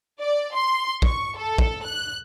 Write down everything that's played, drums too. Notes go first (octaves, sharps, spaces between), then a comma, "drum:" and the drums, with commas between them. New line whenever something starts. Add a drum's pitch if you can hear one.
D5
C6
C#6, drum: kick
A4
drum: kick
F#6